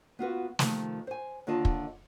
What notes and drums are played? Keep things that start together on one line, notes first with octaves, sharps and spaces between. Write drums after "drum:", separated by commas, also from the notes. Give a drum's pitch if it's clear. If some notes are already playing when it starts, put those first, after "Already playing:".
B3 F4 F#4 B4
C3 D#3 F3 A3, drum: snare
C5 G#5
D#2 D3 F4 D#5 A5
drum: kick